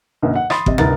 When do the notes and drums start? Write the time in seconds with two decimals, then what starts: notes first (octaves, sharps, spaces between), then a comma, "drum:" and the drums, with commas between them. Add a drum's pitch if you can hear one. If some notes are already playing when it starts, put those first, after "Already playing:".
0.22 B1 F#2 D3 A#3
0.36 F#5
0.50 B5 C6 D#6 A6, drum: rim click
0.66 C3 D#5, drum: kick G1
0.78 G1 C2 D#4 A#4 B4 A6, drum: tom